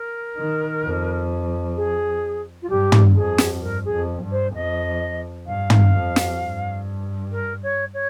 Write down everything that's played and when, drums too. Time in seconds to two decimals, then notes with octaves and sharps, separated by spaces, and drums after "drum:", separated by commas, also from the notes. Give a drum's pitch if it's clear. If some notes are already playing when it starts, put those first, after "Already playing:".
Already playing: A#4
0.37 D#3
0.84 F2
1.76 G#4
2.62 F4
2.69 G2 G4
2.92 drum: tom
3.15 F2 G#4
3.38 drum: snare
3.61 G2 A#4
3.85 G#4
3.92 F2
4.23 G2
4.31 C5
4.54 F2 D#5
5.46 G2 F5
5.70 drum: tom
5.93 F2
6.16 drum: snare
6.39 G2
7.32 A#4
7.63 C#5
7.94 C#5